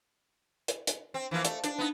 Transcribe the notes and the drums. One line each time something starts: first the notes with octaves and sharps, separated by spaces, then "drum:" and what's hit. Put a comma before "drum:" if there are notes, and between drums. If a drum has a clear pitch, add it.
drum: hi-hat
drum: hi-hat
C4
E3 F3 A#3
A3, drum: hi-hat
D4, drum: hi-hat
B3 D#4